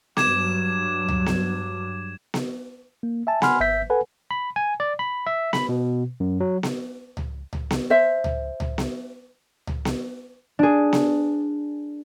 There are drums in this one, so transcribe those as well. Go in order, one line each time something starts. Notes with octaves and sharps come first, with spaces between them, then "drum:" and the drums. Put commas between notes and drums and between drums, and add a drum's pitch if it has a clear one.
G2 F#3 D6 G#6 E7, drum: snare B3
drum: tom C#2
drum: snare B3
drum: snare B3
A#3
E5 G#5 A5
F#5 G#5 B5 C6 F6, drum: snare B3
G#1 E5 G6 B6
A4 B4 F#5 G#5
B5
G#5
D5
B5
E5
B5, drum: snare B3
B2
F#2
F#3
drum: snare B3
drum: tom C#2
drum: tom C#2
drum: snare B3
C5 E5
drum: tom C#2
drum: tom C#2
drum: snare B3
drum: tom C#2
drum: snare B3
D4 G#4
drum: snare B3